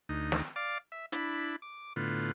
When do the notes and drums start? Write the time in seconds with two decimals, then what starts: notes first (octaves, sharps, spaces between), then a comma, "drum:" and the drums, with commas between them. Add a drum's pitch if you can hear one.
0.09 D2 D#4
0.32 drum: snare
0.56 D5 F5 D6
0.92 E5
1.12 D4 E4 B5, drum: hi-hat
1.62 D6
1.96 A2 D3 B3 F4